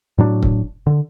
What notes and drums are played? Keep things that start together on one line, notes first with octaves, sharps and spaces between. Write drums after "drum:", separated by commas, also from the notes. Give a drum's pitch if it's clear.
A2 F#3 D4
drum: kick C#1
D3